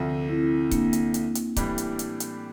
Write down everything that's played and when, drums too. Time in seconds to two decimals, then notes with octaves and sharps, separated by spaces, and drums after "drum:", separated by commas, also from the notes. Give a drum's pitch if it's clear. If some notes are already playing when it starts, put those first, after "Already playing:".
Already playing: D2 C3 F3 A3
0.29 C4 E4
0.71 A#3 D4, drum: kick C#1, hi-hat
0.93 drum: hi-hat
1.14 drum: hi-hat
1.35 drum: hi-hat
1.56 A2 E3 G3 D4 G4, drum: kick C#1, hi-hat
1.78 drum: hi-hat
1.99 drum: hi-hat
2.20 drum: hi-hat